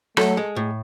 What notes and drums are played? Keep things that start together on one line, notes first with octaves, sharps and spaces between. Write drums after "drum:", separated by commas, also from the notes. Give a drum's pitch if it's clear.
F#3 A3 A4, drum: rim click
G#3
A2